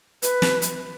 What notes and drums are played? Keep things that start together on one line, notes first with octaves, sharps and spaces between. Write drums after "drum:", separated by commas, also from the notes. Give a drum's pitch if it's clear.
B4, drum: hi-hat
drum: snare
drum: hi-hat